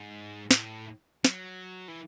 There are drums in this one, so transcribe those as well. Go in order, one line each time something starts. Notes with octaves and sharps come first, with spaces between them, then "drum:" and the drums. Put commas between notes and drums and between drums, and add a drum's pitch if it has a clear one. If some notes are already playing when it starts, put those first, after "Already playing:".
Already playing: G#2
A2, drum: snare
F#3, drum: snare
E3